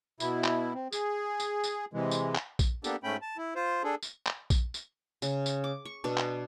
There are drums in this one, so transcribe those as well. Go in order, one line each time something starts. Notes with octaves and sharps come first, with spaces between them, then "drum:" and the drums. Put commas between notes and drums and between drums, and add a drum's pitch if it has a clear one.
B2 E4, drum: tambourine
drum: clap
C4
G#4, drum: tambourine
drum: tambourine
drum: tambourine
C3 E3 G#3
drum: tambourine
drum: clap
drum: kick A#1, tambourine
A#3 B3 D4 G4 A4, drum: tambourine
G#2 A3 C#4 G5 B5
A5
E4
F4 C5
D4 G#4 A4
drum: tambourine
drum: clap
drum: kick A#1, tambourine
drum: tambourine
C#3, drum: tambourine
drum: tambourine
D6
C#6
B2 B3 D4
drum: clap